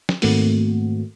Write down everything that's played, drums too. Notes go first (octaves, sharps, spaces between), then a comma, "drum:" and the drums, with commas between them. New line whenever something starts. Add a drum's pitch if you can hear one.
drum: snare
G#2 D#3 A3 A#3 C4 F#4, drum: open hi-hat